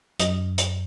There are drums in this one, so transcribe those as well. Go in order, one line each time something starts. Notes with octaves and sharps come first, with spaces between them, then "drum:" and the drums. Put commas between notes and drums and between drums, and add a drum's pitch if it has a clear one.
F#2 D#5, drum: hi-hat
drum: hi-hat